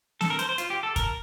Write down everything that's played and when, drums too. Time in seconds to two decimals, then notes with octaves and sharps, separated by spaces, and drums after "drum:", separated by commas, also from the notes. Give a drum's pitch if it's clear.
0.21 A4, drum: snare
0.30 A#4
0.39 C5, drum: hi-hat
0.49 C5
0.58 F4, drum: hi-hat
0.70 G4
0.83 A4
0.96 A#4, drum: kick, hi-hat